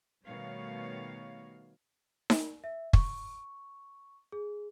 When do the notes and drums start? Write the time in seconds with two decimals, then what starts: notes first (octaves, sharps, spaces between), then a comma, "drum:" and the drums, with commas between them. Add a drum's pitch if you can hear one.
0.25 B2 D#3 G3 A3 C#5 F5
2.30 drum: snare D#4
2.64 E5
2.93 C#6, drum: kick
4.32 G#4